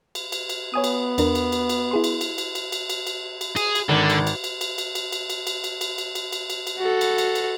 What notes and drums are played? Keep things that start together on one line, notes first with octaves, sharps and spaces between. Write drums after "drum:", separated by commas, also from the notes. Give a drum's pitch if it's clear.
drum: cymbal
drum: cymbal
drum: cymbal
B3 C#5 G#5 D#6
drum: cymbal
E2 D4 A#4, drum: cymbal
drum: cymbal
drum: cymbal
drum: cymbal
E4 G#4 C6
drum: cymbal
drum: cymbal
drum: cymbal
drum: cymbal
drum: cymbal
drum: cymbal
drum: cymbal
drum: cymbal
G#4, drum: cymbal
drum: cymbal
G#1 D3
drum: cymbal
drum: cymbal
drum: cymbal
drum: cymbal
drum: cymbal
drum: cymbal
drum: cymbal
drum: cymbal
drum: cymbal
drum: cymbal
drum: cymbal
drum: cymbal
drum: cymbal
drum: cymbal
drum: cymbal
drum: cymbal
F#4 A4
drum: cymbal
drum: cymbal
drum: cymbal